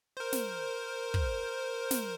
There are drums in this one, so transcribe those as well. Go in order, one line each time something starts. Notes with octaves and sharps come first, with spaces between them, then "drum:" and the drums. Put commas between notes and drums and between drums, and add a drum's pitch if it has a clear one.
A#4 C5
drum: snare
drum: kick
drum: snare